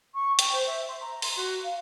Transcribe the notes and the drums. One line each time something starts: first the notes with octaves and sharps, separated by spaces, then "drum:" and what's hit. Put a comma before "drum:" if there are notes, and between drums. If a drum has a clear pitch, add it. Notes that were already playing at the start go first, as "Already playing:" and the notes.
C#6
G5, drum: hi-hat
C5
E5
C6
A#5
C6, drum: open hi-hat
F#4
F5